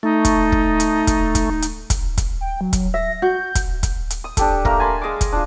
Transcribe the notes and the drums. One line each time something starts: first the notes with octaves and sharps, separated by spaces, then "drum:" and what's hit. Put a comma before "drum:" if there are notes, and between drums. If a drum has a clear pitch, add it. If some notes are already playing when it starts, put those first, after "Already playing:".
A3 D#4
drum: kick, hi-hat
drum: kick
drum: hi-hat
drum: kick, hi-hat
drum: kick, hi-hat
drum: hi-hat
drum: kick, hi-hat
drum: kick, hi-hat
G5
F#3
drum: kick, hi-hat
E5 A#6
F#4 G6
drum: kick, hi-hat
drum: kick, hi-hat
drum: hi-hat
D#6
D4 G4 A4, drum: kick, hi-hat
A3 A#3 A#4, drum: kick
G#5 A5 B5 C6
G#3 D#5 F5 D6
drum: kick, hi-hat
D4 F4